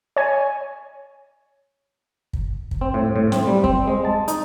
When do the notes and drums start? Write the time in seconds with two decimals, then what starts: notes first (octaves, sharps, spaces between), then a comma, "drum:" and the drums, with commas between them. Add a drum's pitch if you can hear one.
0.16 C#5 G#5
2.33 drum: kick
2.71 drum: kick
2.81 C4
2.94 A2
3.16 A2
3.32 C4, drum: snare
3.47 G3
3.64 C4, drum: kick
3.88 G#3
4.05 A5
4.28 D#4, drum: hi-hat